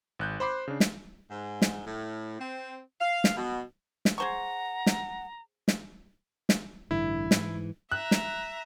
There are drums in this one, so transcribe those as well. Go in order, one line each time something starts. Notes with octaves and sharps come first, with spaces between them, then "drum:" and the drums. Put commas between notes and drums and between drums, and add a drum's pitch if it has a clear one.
G#1 F#6 G6
C5 B5 D6 C7
C#3 D4
drum: snare
G#2
drum: snare
A2
C4
F5
drum: snare
B2
drum: snare
G#4 C5 F#5 A#5 C#6
drum: snare
drum: snare
drum: snare
A1 G2 D3 E4
G#2 E3, drum: snare
E5 A#5 F#6
drum: snare